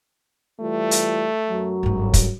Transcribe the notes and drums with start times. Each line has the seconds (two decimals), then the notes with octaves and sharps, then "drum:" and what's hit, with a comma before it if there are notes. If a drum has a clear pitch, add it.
0.60 E3 G3 A3 F4
0.91 drum: hi-hat
1.49 F#2 F#3
1.83 G1 G#2
2.14 drum: kick, hi-hat